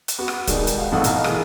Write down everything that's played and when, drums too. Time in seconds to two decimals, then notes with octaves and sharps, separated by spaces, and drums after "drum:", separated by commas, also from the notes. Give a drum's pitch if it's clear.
0.08 drum: hi-hat
0.18 B3 F#4
0.28 drum: rim click
0.47 B2 D#3 G3 G#3, drum: kick, hi-hat
0.67 drum: hi-hat
0.78 F5 F#5
0.92 G#1 F2 A2 A4 F#5 D#6
1.04 B1 B2 F5 A#5 F6, drum: hi-hat
1.24 E3 G#4 A#4, drum: rim click